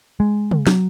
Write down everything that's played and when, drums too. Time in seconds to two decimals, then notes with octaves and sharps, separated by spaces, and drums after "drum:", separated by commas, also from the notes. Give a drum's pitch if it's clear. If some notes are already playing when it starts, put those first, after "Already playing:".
0.20 G#3
0.51 drum: tom
0.67 F#3, drum: snare